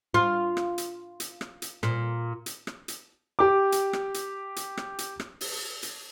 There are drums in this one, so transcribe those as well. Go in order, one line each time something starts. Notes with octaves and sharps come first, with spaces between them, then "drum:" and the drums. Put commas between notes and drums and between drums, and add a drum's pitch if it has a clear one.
F4
drum: rim click
drum: hi-hat
drum: hi-hat
drum: rim click
drum: hi-hat
A#2, drum: rim click
drum: hi-hat
drum: rim click
drum: hi-hat
G4 D6
drum: hi-hat
drum: rim click
drum: hi-hat
drum: hi-hat
drum: rim click
drum: hi-hat
drum: rim click
drum: open hi-hat
drum: hi-hat